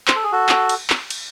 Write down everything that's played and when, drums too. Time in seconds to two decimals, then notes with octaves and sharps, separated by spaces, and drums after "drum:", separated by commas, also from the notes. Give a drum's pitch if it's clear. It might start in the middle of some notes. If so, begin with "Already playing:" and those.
0.08 C5, drum: clap
0.16 A4
0.24 G#4
0.32 F#4 A4
0.49 drum: clap
0.69 drum: cymbal
0.90 drum: clap
1.10 drum: cymbal